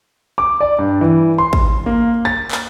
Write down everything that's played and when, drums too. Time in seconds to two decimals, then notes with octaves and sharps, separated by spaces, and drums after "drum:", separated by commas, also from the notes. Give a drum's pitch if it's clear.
0.38 D6
0.60 D5
0.79 G2
1.01 E3
1.38 C6
1.53 drum: kick
1.86 A#3
2.25 A6
2.51 drum: clap